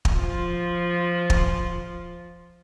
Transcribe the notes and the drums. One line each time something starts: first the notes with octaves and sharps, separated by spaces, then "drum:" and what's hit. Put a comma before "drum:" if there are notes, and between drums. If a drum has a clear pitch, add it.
drum: kick
F3 F4
drum: kick